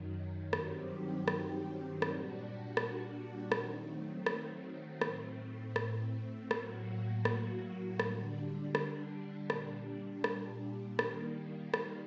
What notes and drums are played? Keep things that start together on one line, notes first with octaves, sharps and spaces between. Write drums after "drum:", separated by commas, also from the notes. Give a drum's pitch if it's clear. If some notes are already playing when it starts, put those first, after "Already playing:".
Already playing: F#2 D#3 F#3
G2 D#3 F#3 C4 G4, drum: rim click
drum: rim click
A#2 G3 D4 F#4, drum: rim click
drum: rim click
D#3 F#3 A3 C4, drum: rim click
drum: rim click
A2 A3 C4, drum: rim click
drum: rim click
A2 F#3 A#3 F#4, drum: rim click
drum: rim click
D3 G3 D4, drum: rim click
drum: rim click
A#2 G3 D4, drum: rim click
drum: rim click
D#3 G3 A#3, drum: rim click
drum: rim click